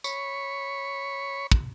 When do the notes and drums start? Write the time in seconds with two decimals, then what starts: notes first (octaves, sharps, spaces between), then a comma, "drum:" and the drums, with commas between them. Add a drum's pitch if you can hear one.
0.04 C#5 B5 C#6, drum: tambourine
1.52 drum: kick